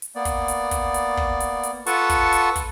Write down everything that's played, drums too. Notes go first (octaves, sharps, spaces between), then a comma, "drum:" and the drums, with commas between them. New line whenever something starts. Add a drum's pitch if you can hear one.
drum: hi-hat
A#3 B3 D5
drum: kick, hi-hat
drum: hi-hat
drum: kick, hi-hat
drum: hi-hat
drum: kick
drum: hi-hat
drum: hi-hat
F4 A4 B4 F#5 A5 C#6, drum: hi-hat
drum: kick, hi-hat
drum: hi-hat
drum: kick, hi-hat